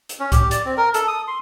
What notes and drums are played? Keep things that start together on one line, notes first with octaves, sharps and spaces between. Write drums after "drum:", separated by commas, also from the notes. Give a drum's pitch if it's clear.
drum: hi-hat
C#4
G4, drum: kick C2, hi-hat
D5, drum: hi-hat
C4
A#4
A4, drum: hi-hat
D#6
C6